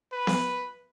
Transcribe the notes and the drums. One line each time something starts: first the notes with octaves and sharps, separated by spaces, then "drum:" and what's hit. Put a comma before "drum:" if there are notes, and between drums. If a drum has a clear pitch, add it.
B4
drum: snare B3